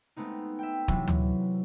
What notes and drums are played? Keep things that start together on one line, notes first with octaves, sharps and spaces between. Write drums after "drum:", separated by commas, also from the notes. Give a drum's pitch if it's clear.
G#3 A3 B3 C4 D#4
E5 G5
C3 E3 F#3, drum: kick
drum: tom D2